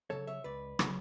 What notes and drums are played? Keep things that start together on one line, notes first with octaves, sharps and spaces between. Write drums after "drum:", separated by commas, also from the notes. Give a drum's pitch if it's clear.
C#3 F#3 A4 C#5
C#5 E5
C#2 B4 D5
C#3 F#3, drum: rim click